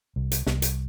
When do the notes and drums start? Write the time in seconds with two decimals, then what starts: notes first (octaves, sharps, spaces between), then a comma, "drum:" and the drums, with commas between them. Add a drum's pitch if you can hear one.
0.16 C2
0.32 drum: hi-hat
0.46 C2, drum: snare
0.62 drum: hi-hat